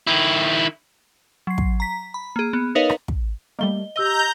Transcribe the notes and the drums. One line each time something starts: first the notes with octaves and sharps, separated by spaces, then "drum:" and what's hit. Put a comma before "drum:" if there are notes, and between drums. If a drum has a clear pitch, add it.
D#3 E4
F#3 C7
drum: kick
A#5 B6
B5
A#3 G#4
B3
D#4 A#4 B4 C#5 D#5 F5
drum: rim click
drum: kick
G3 A3 A#3 D#5 G7
G4 D#5 A#5 E6 G6 G7